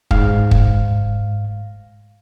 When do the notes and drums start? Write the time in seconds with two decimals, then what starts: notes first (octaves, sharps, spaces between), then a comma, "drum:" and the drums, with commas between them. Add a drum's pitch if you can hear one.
0.11 G#2 F5, drum: kick
0.51 drum: kick